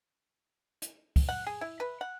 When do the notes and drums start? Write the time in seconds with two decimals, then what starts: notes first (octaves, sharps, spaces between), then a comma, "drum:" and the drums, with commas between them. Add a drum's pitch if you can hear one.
0.82 drum: hi-hat
1.16 drum: kick, open hi-hat
1.29 F#5
1.47 G#4
1.61 E4
1.80 B4
2.01 F#5